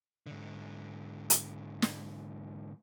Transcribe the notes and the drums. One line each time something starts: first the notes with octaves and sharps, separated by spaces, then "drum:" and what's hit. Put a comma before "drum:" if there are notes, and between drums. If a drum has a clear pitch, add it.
G#2 D3
drum: hi-hat
drum: snare